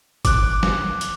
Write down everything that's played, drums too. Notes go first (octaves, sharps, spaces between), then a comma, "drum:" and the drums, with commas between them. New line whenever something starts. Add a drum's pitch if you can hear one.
D6 F#6, drum: kick, hi-hat
drum: snare
drum: hi-hat